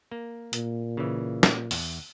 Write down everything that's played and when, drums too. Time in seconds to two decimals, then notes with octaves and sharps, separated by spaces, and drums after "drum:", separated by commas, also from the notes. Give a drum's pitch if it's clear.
0.11 A#3
0.53 A#2, drum: hi-hat
0.97 C#3 E3
1.43 drum: snare
1.71 E2, drum: open hi-hat